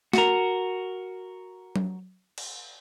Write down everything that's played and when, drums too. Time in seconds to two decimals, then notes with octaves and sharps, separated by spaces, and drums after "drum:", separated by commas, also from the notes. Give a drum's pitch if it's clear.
0.13 F#4 A#4, drum: snare
1.76 drum: tom F#3
2.38 drum: cymbal